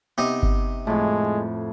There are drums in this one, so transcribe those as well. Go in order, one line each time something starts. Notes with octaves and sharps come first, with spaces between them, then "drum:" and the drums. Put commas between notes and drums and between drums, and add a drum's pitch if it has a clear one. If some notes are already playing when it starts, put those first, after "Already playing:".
C3 B3 D#4
drum: kick G1
F2 A2 G#3